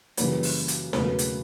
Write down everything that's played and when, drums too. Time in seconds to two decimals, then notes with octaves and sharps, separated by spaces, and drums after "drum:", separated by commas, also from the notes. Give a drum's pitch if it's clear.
0.17 F#2 C#3 E3 G3 A#3 B4, drum: hi-hat
0.43 drum: open hi-hat
0.68 drum: hi-hat
0.93 E1 E2 C#3 F#3 A3 B4, drum: snare
1.19 drum: hi-hat